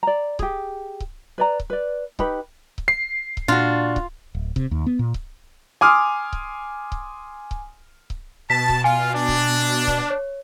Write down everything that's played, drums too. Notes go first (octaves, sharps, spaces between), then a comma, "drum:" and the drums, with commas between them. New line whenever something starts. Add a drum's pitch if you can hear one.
D5 A#5
G4 G#4, drum: kick C#1
drum: kick C#1
B4 D5 A#5
drum: kick C#1
B4 D5
D#4 G4 B4 B5, drum: kick C#1
drum: kick C#1
C7
drum: kick C#1
A#2 D4 F4 F#4
drum: kick C#1
D1
C3, drum: kick C#1
D#2
B3
A#2
drum: kick C#1
G#5 C6 D6 D#6 F6
drum: kick C#1
drum: kick C#1
drum: kick C#1
drum: kick C#1
B2 A5 B6
drum: kick C#1
F4 G#5
D4
drum: kick C#1
drum: kick C#1
C#5